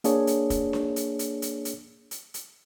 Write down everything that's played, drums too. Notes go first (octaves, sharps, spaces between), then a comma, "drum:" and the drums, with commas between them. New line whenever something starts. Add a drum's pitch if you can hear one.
A#3 D4 G#4 C#5, drum: hi-hat
drum: hi-hat
drum: kick, hi-hat
drum: snare D4
drum: hi-hat
drum: hi-hat
drum: hi-hat
drum: hi-hat
drum: hi-hat
drum: hi-hat